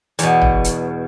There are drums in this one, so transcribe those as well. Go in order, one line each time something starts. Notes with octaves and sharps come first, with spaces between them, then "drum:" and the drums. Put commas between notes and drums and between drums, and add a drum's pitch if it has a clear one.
E2 B2, drum: hi-hat
drum: tom
drum: hi-hat